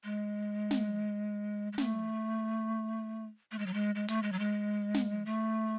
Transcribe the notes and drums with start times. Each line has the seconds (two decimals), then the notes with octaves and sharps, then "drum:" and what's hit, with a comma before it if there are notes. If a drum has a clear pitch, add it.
0.04 G#3
0.71 drum: snare
1.73 G#3
1.78 A3, drum: snare
3.51 A3
3.59 G#3
3.66 F#3
3.74 G#3
3.95 G#3
4.08 A3, drum: hi-hat
4.23 G#3
4.32 F#3
4.39 G#3
4.94 drum: snare
5.26 A3